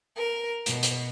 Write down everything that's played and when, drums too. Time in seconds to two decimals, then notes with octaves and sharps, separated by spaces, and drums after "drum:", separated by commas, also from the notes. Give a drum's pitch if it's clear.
0.16 A#4
0.66 B2, drum: hi-hat
0.83 drum: hi-hat